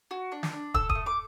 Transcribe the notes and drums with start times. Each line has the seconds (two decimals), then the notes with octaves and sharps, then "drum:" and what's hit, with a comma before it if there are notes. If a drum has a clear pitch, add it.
0.11 F#4
0.32 D4
0.43 drum: snare
0.53 D4
0.74 A4 E6, drum: kick
0.89 D#6, drum: kick
0.95 A3
1.06 D6